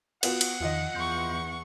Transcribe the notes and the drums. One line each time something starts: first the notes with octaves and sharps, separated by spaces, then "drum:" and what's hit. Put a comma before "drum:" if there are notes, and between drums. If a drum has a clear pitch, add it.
B3 F4 F#4 F#5, drum: cymbal
drum: cymbal
E2 D#3 F3 F4 D#5
E2 C6 C#6 G6